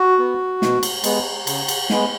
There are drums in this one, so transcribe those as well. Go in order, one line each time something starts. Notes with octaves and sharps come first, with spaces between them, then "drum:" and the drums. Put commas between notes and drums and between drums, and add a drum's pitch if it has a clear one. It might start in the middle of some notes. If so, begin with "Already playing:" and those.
Already playing: F#4
B3
B2, drum: snare
drum: cymbal
G#3 B3, drum: cymbal
C#3, drum: cymbal
drum: cymbal
G#3 B3, drum: snare